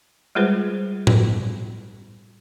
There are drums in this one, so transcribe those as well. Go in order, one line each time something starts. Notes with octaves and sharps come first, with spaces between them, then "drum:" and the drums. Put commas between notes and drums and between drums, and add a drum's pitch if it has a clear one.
G3 G#3 F4 G#4 B4 C5
drum: tom A2